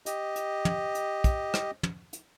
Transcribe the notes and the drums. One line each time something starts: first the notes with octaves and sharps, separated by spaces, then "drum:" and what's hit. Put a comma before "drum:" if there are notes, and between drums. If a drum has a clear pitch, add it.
G4 D#5, drum: hi-hat
drum: hi-hat
drum: tom
drum: hi-hat
drum: kick, hi-hat
drum: rim click
drum: tom
drum: hi-hat